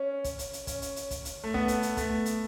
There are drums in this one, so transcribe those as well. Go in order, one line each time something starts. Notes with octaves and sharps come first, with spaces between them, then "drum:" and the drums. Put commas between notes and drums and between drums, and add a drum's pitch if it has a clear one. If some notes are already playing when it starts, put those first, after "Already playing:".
Already playing: C#4
drum: kick, hi-hat
drum: hi-hat
drum: hi-hat
C#4, drum: kick, hi-hat
drum: hi-hat
drum: hi-hat
drum: kick, hi-hat
drum: hi-hat
A3
B3, drum: kick
drum: hi-hat
drum: hi-hat
A3, drum: kick, hi-hat
drum: hi-hat